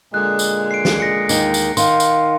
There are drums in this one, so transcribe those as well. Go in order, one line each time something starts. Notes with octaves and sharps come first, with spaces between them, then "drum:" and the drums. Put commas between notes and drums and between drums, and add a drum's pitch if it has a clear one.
A#2 D3 G#3 F#6
drum: tambourine
C7 D7
drum: snare
A#6 C#7
D#2 D#3, drum: tambourine
drum: tambourine
D#3 F5 C6, drum: tambourine
drum: tambourine